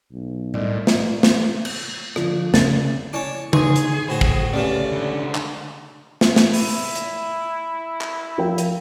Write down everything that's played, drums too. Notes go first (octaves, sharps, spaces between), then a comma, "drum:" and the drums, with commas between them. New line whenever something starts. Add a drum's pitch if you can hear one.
B1
C2 A2 D5 D#5
drum: snare
drum: snare
drum: cymbal
D3 F3, drum: rim click
C#3 A6, drum: snare
E4 C#5 D5 G#5 A5 D6
D#4 G#4 B4 C6 C#6, drum: tom C#3
drum: hi-hat
A2 D3 F#4 C5
drum: kick
C#3 A3 C#4 G4 B4 D5
C#2 D3
drum: clap
drum: snare
drum: snare
E4, drum: open hi-hat
drum: hi-hat
drum: clap
F3 A#4 G5
drum: hi-hat